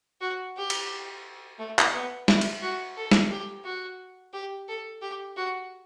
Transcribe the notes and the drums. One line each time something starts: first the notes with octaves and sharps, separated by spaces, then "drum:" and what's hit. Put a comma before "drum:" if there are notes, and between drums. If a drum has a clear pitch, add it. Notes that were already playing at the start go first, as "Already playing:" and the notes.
F#4
G4
drum: cymbal
A3
drum: clap
B3
E4, drum: snare
drum: cymbal
F#4
A4
drum: snare
G4
F#4
G4
A4
G4
F#4